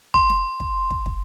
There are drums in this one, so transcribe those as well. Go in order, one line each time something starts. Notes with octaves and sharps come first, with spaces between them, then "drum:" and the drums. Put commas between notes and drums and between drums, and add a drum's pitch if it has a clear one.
C6, drum: kick
drum: snare
drum: kick
drum: kick
drum: kick